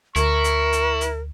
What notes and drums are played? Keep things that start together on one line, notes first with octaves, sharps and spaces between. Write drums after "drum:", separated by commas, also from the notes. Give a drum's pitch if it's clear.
D2 E4 A#4 C#6, drum: hi-hat
drum: hi-hat
drum: hi-hat
drum: hi-hat